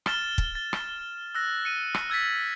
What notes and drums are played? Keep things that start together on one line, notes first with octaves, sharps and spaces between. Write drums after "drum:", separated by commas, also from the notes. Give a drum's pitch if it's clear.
F6 A6 E7 G7, drum: rim click
drum: kick
A6
drum: rim click
E6 F#6 A#6
C#7 D#7
drum: rim click
E6 G#6 A6 B6